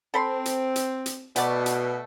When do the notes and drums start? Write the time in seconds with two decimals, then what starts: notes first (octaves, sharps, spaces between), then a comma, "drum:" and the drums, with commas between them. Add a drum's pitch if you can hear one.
0.14 C4 A4 B5 C6
0.45 drum: hi-hat
0.76 drum: hi-hat
1.06 drum: hi-hat
1.36 B2 A3 B3 D5, drum: hi-hat
1.66 drum: hi-hat